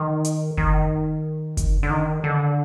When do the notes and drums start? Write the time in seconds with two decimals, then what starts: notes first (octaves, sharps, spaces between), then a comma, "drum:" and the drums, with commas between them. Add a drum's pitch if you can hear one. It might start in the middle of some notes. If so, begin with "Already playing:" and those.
Already playing: D#3
0.25 drum: hi-hat
0.57 D#3, drum: kick F#1
1.57 drum: kick F#1, hi-hat
1.83 D3
1.90 D#3
2.24 D3